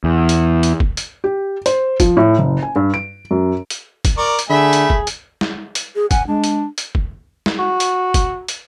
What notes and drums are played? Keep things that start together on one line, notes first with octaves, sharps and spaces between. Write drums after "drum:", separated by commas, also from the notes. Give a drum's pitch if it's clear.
E2
drum: hi-hat
drum: hi-hat
drum: kick
drum: hi-hat
G4
C5, drum: hi-hat
F3, drum: kick, hi-hat
A2
F#1
G#5
G2
D7
F#2
drum: hi-hat
drum: kick, hi-hat
A#4 D5 C#6
drum: hi-hat
D3 A3 G#4 E5 B5
drum: hi-hat
drum: kick
drum: hi-hat
drum: snare
drum: hi-hat
G#4
F#5 G#5, drum: kick, hi-hat
G#3 D4
drum: hi-hat
drum: hi-hat
drum: kick
drum: snare
F#4
drum: hi-hat
drum: kick, hi-hat
drum: hi-hat